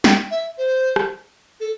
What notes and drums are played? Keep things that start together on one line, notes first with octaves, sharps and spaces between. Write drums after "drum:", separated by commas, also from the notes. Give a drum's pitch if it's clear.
G5, drum: snare
E5
C5
drum: rim click
A4